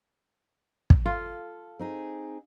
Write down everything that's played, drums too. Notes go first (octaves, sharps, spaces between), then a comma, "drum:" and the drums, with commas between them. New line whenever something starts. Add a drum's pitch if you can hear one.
drum: kick
F4 A4
C4 D#4 G#4